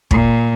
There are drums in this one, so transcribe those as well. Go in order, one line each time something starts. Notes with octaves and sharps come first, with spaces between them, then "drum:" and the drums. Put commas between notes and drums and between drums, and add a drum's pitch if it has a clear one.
A#2, drum: kick